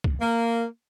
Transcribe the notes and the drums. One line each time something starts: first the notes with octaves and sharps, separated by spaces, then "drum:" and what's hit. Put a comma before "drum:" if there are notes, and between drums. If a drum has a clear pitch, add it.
drum: kick
A#3